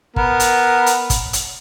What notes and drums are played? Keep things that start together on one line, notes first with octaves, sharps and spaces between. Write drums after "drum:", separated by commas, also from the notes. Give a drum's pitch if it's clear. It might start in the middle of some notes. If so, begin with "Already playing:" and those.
B3 A#4, drum: kick
drum: hi-hat
drum: hi-hat
drum: kick, hi-hat
drum: hi-hat